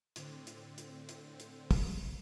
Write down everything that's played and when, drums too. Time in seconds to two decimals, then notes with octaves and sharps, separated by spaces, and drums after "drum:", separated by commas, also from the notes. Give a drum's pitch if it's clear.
0.16 A2 D3 C4, drum: hi-hat
0.47 drum: hi-hat
0.78 drum: hi-hat
1.09 drum: hi-hat
1.40 drum: hi-hat
1.71 drum: kick, open hi-hat